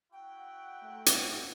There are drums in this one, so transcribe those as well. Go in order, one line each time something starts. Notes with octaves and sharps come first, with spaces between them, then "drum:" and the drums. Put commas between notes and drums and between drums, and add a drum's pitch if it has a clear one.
E4 F#4 F#5 G5
A3
drum: hi-hat